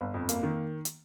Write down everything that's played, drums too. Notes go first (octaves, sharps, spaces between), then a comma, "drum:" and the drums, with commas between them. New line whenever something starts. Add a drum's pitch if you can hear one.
G1
F2
A#3, drum: hi-hat
D#3
drum: hi-hat